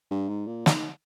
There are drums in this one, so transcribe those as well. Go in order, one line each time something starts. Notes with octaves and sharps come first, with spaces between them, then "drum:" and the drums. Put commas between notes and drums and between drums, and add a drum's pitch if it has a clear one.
G2
G#2
A#2
D#3, drum: snare